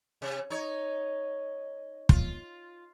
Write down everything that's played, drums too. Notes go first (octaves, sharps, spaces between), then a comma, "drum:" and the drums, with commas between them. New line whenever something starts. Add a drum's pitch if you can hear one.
C3
D#4 C#5
F4, drum: kick